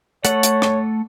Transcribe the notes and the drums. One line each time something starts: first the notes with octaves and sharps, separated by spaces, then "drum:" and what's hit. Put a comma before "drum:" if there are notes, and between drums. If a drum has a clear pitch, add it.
A3 A4 C#5 F#5, drum: hi-hat
drum: hi-hat
drum: rim click